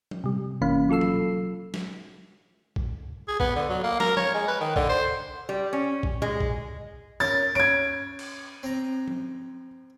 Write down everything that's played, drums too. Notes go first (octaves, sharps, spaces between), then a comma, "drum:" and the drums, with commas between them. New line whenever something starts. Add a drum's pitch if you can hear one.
drum: tom F3
C3 G3
G1 E3 A#3 C#4 F5 B5
F#3 F4 A4 E6 C7
drum: tom B2
drum: snare
drum: kick A#1
G#4
B3, drum: kick A#1
D3
F#3
A#3
A#4, drum: snare
C#5, drum: tom F3
G#3
B4
D#3
D3, drum: kick A#1
C5
G3
C#4
drum: kick A#1
G#3, drum: tom A#2
drum: kick A#1
C#4 F4 A#4 A6
C#4 G#6 D7
drum: cymbal
C4 A#5
drum: tom F3